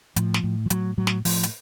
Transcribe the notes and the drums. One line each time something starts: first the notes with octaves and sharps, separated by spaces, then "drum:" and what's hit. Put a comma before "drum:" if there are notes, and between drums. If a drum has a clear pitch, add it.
A2 F3, drum: hi-hat
drum: snare
A2
F3
A2 F#3, drum: hi-hat
A2 F#3
drum: snare
A2 F3, drum: open hi-hat
drum: hi-hat